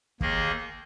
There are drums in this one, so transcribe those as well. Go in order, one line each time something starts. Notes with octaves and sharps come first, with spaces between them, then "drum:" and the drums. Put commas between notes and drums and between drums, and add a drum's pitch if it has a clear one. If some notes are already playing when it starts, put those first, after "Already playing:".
D#2 D#3 A#3 G#4 D#5, drum: kick